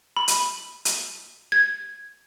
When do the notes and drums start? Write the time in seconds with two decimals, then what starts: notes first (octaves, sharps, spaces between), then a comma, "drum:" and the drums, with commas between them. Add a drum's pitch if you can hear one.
0.17 B5
0.28 drum: hi-hat
0.85 drum: hi-hat
1.52 G#6